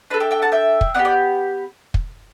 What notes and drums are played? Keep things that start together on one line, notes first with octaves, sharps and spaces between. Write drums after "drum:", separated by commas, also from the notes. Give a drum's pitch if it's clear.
D4 A4 B4
E5 G5
E5 G5
F#5 A5
E5 G5
drum: kick
B3 D4 G4 D5 F#5
D5 F#5
drum: kick